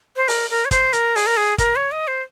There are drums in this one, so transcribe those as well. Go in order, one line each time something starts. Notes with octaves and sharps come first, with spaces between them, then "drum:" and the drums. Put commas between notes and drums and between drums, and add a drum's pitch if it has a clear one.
C5
A#4, drum: open hi-hat
A#4
C#5
C5, drum: kick, hi-hat
A#4, drum: hi-hat
G#4, drum: open hi-hat
A#4
G#4
A#4, drum: kick, hi-hat
C#5
D#5
C5